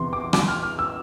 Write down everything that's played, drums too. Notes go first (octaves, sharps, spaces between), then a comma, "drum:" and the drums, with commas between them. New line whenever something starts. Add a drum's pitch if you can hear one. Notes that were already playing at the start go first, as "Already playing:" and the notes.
Already playing: E2 C3 E3 C6
D6
D6, drum: rim click
F6
F6
E6